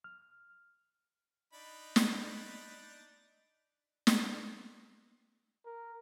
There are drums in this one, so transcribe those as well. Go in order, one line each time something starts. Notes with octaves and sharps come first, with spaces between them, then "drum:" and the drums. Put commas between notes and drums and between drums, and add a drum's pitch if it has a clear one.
F6
D4 D#4 B5
drum: snare
drum: snare
A#4